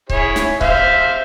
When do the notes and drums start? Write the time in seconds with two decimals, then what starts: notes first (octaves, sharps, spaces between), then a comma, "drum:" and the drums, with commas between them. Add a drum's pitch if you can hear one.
0.10 E4 G#4 C#5, drum: kick C#1
0.36 drum: snare
0.61 C5 E5 F5, drum: kick C#1